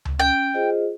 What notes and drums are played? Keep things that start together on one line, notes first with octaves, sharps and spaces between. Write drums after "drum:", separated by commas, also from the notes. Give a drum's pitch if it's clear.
drum: tom C#2
C#4 G5
F4 G#4 C5 D#5